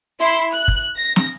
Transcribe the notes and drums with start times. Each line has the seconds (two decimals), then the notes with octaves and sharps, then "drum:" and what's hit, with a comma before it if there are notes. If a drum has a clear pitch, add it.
0.20 E4 C6
0.52 F#6
0.68 drum: kick
0.96 A#6
1.16 drum: snare